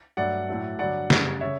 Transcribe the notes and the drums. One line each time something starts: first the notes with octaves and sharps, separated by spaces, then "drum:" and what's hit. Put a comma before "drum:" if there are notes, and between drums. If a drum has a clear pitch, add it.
G2 F#3 A3 D5 F#5
A2 F#3 A3
G2 D3 F#3 D5 F#5
F#2 C#3 G3, drum: snare
C#3 C#5 E5